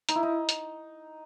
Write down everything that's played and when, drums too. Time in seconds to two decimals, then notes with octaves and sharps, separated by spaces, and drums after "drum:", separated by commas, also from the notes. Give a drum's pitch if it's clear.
0.09 D#4, drum: hi-hat
0.15 E4
0.23 D#4
0.49 drum: hi-hat